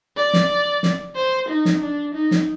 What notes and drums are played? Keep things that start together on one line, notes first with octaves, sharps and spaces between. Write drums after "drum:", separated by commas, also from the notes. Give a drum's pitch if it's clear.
D5
drum: snare
drum: snare
C5
D#4
drum: snare
D4
D#4
drum: snare